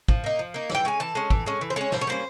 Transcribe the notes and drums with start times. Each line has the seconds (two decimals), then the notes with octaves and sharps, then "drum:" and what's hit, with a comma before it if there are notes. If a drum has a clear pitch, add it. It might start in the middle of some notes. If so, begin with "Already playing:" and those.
0.08 F3, drum: kick
0.24 A#3 D#4
0.39 F3
0.54 A#3 D#4
0.70 E3 G5, drum: snare
0.85 G#3 C#4 G#5
1.00 E3 A5
1.15 G#3 C#4
1.30 E3, drum: kick
1.46 G#3 C#4
1.61 E3
1.70 C5
1.76 G#3 C#4 C#5
1.92 B2 C5, drum: snare
2.01 C#5
2.07 G3 A#3 C#4 C5